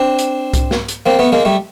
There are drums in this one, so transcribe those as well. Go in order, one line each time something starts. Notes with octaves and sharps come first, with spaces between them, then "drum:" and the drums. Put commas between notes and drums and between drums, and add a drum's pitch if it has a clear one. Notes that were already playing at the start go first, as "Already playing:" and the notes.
Already playing: C4 D4
drum: hi-hat
drum: kick C2, hi-hat
drum: snare
drum: hi-hat
A#3 C4
A3 B3
G#3 A#3
G3 A3